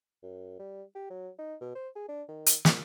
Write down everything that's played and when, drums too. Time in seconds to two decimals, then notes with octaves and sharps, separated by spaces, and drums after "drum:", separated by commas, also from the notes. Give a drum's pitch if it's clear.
0.23 F#2
0.59 G3
0.95 G4
1.10 F#3
1.39 D#4
1.61 B2
1.75 C5
1.96 G#4
2.08 D4
2.28 D#3
2.46 drum: hi-hat
2.65 A#2, drum: snare